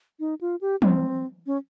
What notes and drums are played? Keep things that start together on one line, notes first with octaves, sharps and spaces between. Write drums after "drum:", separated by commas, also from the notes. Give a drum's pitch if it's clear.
D#4
F4
G4
C4, drum: tom
C#4